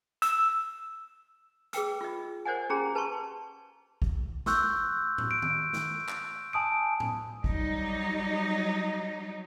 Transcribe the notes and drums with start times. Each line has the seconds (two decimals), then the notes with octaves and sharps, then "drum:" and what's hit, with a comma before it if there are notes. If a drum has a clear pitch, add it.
0.22 E6, drum: hi-hat
1.73 G#4 B4 G5 E6, drum: hi-hat
2.01 F4 D#5
2.45 A#4 C5 D5 D#5 F#5 G#5
2.70 C#4 G4 G#4 A#5 C6
2.95 B4 A5 A#5 C6 C#6
4.02 drum: kick G#1
4.46 C6 C#6 E6 F#6 G6, drum: snare
5.18 drum: tom A2
5.31 D7
5.42 drum: tom D#3
5.73 drum: snare
6.08 drum: clap
6.53 G#5 A5 D#6 D7
7.00 drum: tom A2
7.44 F#3 G3 D#4, drum: kick G#1